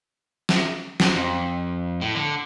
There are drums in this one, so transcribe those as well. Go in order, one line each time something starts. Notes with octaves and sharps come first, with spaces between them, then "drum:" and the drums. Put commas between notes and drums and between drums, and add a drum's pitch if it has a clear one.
drum: snare
drum: snare
F2
A2
D3